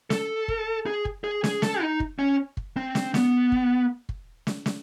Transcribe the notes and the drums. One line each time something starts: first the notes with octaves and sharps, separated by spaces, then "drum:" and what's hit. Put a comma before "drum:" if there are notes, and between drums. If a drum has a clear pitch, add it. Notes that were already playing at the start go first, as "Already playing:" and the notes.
A4, drum: snare
drum: kick
G#4
drum: kick
G#4
G#4, drum: snare
A4, drum: snare
D#4
drum: kick
C#4
drum: kick
C4
drum: snare
B3, drum: snare
drum: kick
drum: kick
drum: snare
drum: snare